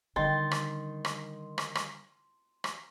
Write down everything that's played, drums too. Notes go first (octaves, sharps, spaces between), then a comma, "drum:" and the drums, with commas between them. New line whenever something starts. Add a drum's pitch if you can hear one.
D3 D#3 G3 C6 A6
drum: rim click
drum: rim click
drum: rim click
drum: rim click
drum: rim click